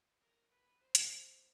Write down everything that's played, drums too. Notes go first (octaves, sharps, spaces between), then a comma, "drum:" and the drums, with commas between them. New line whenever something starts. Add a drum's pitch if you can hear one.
A#4
B4
C5
drum: hi-hat